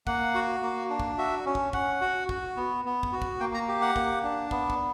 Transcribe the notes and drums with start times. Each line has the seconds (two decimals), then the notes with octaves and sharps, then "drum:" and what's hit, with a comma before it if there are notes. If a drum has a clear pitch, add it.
0.07 A#3 F#5, drum: kick
0.35 F#4
0.62 A#3
0.90 D4
1.00 drum: kick
1.18 F#4 E5
1.46 C#4
1.55 drum: kick
1.73 C#4 F#5, drum: kick
2.01 F#4
2.29 F#4, drum: kick
2.56 B3
2.85 B3
3.03 drum: kick
3.12 F#4
3.22 drum: kick
3.40 A#3 G5
3.54 A#5
3.68 G4
3.82 F#5
3.96 A#3, drum: kick
4.24 D4
4.51 B3, drum: kick
4.70 drum: kick